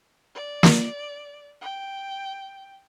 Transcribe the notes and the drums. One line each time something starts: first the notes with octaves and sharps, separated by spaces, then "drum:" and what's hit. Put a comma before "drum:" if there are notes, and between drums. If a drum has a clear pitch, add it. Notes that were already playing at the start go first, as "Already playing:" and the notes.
D5
drum: snare
G5